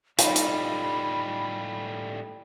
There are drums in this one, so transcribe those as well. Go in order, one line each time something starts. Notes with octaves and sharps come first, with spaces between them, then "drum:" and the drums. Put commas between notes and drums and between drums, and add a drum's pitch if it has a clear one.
A2 G3 D#4 F4 B5, drum: hi-hat
drum: hi-hat